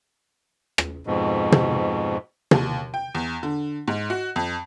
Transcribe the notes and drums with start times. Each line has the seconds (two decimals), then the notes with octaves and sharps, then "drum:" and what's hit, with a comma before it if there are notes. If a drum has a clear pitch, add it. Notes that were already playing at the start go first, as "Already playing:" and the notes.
0.78 drum: rim click
1.06 F2 G#2 B2
1.52 drum: tom
2.51 D#2, drum: tom
2.94 G5
3.15 E2
3.43 D3
3.88 G#2
4.10 F#4
4.36 F2